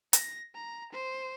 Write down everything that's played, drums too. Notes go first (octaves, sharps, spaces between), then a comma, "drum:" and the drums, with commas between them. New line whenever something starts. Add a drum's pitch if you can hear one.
A#6, drum: hi-hat
A#5
C5